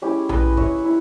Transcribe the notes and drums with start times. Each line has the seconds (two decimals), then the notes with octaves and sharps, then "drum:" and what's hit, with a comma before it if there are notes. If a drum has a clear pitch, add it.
0.02 G#3 C#4 E4 G4
0.29 B4 D#5, drum: tom A#1
0.57 C#5 E5, drum: kick
0.85 E4